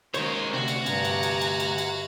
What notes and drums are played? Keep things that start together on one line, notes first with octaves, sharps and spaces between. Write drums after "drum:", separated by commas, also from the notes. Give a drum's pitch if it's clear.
D#3 G#3 A#3 C#4 C5 C#5, drum: cymbal
D2 C3 D4 F#4
drum: cymbal
G2 G#5 A#5 F#6, drum: cymbal
drum: cymbal
drum: cymbal
drum: cymbal
drum: cymbal
drum: cymbal